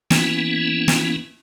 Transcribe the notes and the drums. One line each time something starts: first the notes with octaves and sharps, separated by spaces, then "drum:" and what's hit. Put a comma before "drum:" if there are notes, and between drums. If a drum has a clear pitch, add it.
E3 A#3 B3 C#4 E4, drum: snare
drum: snare